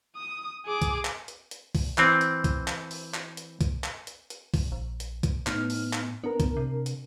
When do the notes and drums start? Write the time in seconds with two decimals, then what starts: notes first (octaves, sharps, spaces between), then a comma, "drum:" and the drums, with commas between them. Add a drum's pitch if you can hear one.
0.16 D#6
0.66 G#4 D6
0.82 drum: kick B1, hi-hat
1.05 drum: clap
1.28 drum: hi-hat
1.51 drum: hi-hat
1.75 drum: kick B1, open hi-hat
1.98 E3 C4, drum: clap
2.21 drum: hi-hat
2.44 drum: kick B1, hi-hat
2.68 drum: clap
2.91 drum: open hi-hat
3.14 drum: clap
3.37 drum: hi-hat
3.61 drum: kick B1, hi-hat
3.84 drum: clap
4.07 drum: hi-hat
4.30 drum: hi-hat
4.54 drum: kick B1, open hi-hat
4.72 A#1
5.00 drum: hi-hat
5.23 drum: kick B1, hi-hat
5.47 A2 B3 D#4 F6, drum: clap
5.70 drum: open hi-hat
5.93 drum: clap
6.24 B3 D4 A#4
6.40 drum: kick B1, hi-hat
6.57 C3
6.86 drum: hi-hat